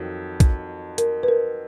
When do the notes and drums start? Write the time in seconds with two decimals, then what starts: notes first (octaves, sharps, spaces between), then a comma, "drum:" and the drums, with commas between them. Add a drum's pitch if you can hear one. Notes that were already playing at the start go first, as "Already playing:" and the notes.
Already playing: F2 D#3 F#3
0.40 drum: kick B1, hi-hat
0.98 A#4, drum: hi-hat
1.23 B4
1.28 A#4